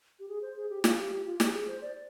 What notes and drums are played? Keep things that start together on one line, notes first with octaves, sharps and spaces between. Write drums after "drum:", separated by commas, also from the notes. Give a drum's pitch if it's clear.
G4
G#4
C5
G#4
G4
F4, drum: snare
G4
G4
F4
G4, drum: snare
G#4
C5
D5